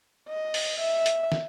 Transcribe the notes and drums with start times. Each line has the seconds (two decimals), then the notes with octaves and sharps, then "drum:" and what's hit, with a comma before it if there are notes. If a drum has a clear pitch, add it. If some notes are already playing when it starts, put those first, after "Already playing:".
0.28 D#5
0.54 drum: open hi-hat
0.80 E5
1.06 drum: hi-hat
1.32 drum: snare